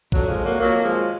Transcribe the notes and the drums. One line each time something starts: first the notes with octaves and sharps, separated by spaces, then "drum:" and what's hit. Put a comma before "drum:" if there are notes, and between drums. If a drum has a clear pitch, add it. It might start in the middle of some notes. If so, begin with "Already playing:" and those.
F2 D3 F#3, drum: kick A#1
F3 G#3
F#3 A#3
F2 D#3 F#3 A#3
F3 G#3